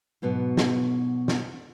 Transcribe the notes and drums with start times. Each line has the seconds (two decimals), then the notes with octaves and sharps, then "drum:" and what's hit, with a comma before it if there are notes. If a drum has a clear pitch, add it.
0.22 G#2 B2 F#3 B3
0.57 drum: snare
1.28 drum: snare